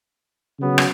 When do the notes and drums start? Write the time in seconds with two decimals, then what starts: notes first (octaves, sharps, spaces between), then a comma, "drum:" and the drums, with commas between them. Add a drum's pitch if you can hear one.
0.59 C#3 F#3 B3
0.78 drum: rim click